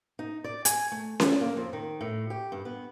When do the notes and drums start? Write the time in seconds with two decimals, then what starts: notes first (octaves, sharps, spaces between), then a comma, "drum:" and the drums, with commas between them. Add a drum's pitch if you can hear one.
0.19 D#4
0.44 D5
0.65 G#5, drum: hi-hat
0.92 A3
1.20 A5, drum: snare C#4
1.41 A#3
1.57 F2
1.73 D#3
2.01 A2
2.30 G4
2.52 G2
2.65 B3